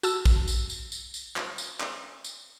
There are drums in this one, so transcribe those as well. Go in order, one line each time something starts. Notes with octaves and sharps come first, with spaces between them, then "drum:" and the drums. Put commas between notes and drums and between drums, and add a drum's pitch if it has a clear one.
F#4 A5 E6, drum: tambourine
drum: kick A#1, tambourine
drum: tambourine
drum: tambourine
drum: tambourine
drum: tambourine
drum: clap
drum: tambourine
drum: clap
drum: tambourine